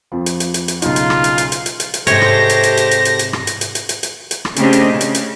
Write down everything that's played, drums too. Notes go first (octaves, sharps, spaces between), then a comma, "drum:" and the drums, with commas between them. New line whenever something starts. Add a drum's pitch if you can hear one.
F2 F3
drum: hi-hat
drum: hi-hat
drum: hi-hat
drum: hi-hat
B1 C#3 D#4 F4, drum: hi-hat
drum: hi-hat
drum: rim click
drum: hi-hat
drum: hi-hat
drum: hi-hat
drum: hi-hat
drum: hi-hat
drum: hi-hat
G#2 C3 G4 A4 C5 C#5 A#6, drum: hi-hat
drum: rim click
drum: hi-hat
drum: hi-hat
drum: hi-hat
drum: hi-hat
drum: hi-hat
drum: hi-hat
drum: rim click
drum: hi-hat
drum: hi-hat
drum: hi-hat
drum: hi-hat
drum: hi-hat
drum: hi-hat
drum: rim click
C#3 A3 C4 D4 G4 D#5, drum: hi-hat
drum: hi-hat
C#3
drum: hi-hat
drum: hi-hat